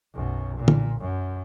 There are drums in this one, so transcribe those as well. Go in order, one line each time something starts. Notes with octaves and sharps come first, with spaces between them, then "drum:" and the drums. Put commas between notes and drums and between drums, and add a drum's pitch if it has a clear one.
B1 F#2
A#2
drum: tom D3
F#2